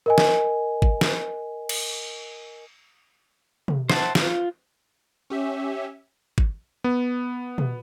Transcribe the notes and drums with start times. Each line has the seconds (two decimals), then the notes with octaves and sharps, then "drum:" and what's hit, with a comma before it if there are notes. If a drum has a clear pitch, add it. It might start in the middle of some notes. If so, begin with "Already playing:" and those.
0.06 A#4 D#5 G#5
0.18 drum: snare
0.82 drum: kick
1.01 drum: snare
1.69 drum: cymbal
3.68 drum: tom
3.90 C5 E5 F#5 A5, drum: snare
4.15 F4, drum: snare
5.30 C#4 G4 E5
6.38 drum: kick
6.84 B3
7.58 drum: tom